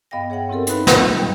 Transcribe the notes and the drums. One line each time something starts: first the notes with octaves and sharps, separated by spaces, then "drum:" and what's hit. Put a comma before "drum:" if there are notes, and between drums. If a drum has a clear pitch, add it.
G2 B3 D#5 F5 G5 A#6
G#4 C#5 E5 F#5 G5
C4 E4 G4 A4 A#4
D#4 B4 B5 F#6, drum: hi-hat
A#2 F#3, drum: snare
F#2 G3 B4 D#5 G5